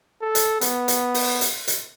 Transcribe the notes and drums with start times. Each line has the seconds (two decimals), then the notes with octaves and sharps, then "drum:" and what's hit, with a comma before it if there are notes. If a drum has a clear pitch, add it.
0.22 A4
0.35 drum: hi-hat
0.61 B3, drum: hi-hat
0.88 drum: hi-hat
1.14 drum: open hi-hat
1.41 drum: hi-hat
1.67 drum: hi-hat